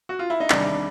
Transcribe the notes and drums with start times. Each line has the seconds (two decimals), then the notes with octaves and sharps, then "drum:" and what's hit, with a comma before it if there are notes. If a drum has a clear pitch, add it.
0.09 F#4
0.19 F4
0.30 E4
0.40 D#4
0.50 E2 C3 D#3 G3 D4, drum: clap